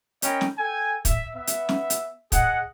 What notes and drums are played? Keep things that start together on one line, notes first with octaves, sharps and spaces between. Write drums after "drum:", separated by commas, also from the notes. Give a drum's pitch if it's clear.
C#4 A#4 D#5 G5 B5, drum: hi-hat
drum: snare
A4 G5 G#5
E5, drum: kick, hi-hat
B3 E5
drum: hi-hat
drum: snare
drum: hi-hat
G#4 D#5 F#5, drum: kick, hi-hat